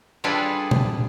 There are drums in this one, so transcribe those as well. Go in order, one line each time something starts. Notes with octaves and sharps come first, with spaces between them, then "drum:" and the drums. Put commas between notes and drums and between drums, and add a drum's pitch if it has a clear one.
G3 D4 F4 G#4 A4 B4
drum: tom A#2